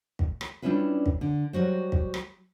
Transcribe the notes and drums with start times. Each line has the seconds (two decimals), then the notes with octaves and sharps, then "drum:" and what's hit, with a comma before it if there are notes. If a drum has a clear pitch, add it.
0.19 drum: kick
0.41 drum: rim click
0.62 G3 C#4 D4 E4 F4 B4
1.06 drum: kick
1.21 D3
1.53 F#3 G3 F#4 C5
1.92 drum: kick
2.14 drum: rim click